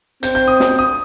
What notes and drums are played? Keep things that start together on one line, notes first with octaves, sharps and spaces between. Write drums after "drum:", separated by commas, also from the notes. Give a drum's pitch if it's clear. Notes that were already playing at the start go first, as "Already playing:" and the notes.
C4 G6, drum: hi-hat
G6
D#6
drum: snare
D#6